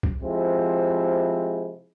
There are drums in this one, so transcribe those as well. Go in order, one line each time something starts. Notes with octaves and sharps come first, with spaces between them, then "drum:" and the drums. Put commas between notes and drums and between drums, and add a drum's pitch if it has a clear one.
drum: kick B1
C3 F3 G#3 C4 E4